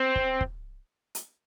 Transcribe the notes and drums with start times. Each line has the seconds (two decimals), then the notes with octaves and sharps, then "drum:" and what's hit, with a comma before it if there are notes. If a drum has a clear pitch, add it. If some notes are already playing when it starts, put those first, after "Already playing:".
Already playing: C4
0.16 drum: kick
0.41 drum: kick
1.15 drum: hi-hat